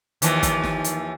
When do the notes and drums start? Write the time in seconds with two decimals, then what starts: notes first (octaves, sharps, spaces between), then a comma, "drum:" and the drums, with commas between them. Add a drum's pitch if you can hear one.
0.22 D#2 E3 F3, drum: hi-hat
0.43 drum: kick, hi-hat
0.64 drum: snare
0.84 drum: hi-hat